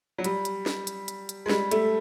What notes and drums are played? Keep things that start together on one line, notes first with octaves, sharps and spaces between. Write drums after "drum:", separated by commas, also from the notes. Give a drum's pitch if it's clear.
F#3
G3, drum: hi-hat
drum: hi-hat
drum: snare
drum: hi-hat
drum: hi-hat
drum: hi-hat
G#3
G3, drum: snare
A3, drum: hi-hat